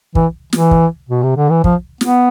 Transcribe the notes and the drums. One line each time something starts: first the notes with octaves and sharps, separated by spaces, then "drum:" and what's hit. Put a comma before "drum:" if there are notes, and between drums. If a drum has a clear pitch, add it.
E3, drum: kick
E3, drum: snare
drum: kick
B2
C3
D3
E3
F3, drum: kick
B3, drum: snare